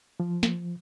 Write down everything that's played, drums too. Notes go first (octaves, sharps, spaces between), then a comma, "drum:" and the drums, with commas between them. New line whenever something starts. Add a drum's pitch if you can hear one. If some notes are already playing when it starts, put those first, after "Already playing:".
F3
drum: snare